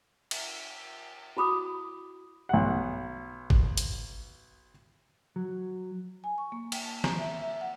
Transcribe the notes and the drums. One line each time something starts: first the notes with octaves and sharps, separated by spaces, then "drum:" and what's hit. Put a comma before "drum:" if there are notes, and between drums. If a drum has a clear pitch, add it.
drum: cymbal
E4 F#4 B5 D6 D#6
B1 F#5
drum: kick
drum: hi-hat
F#3
G#5
C#6
A#3
G5, drum: cymbal
A5
A#5, drum: snare
E5
E5
F#5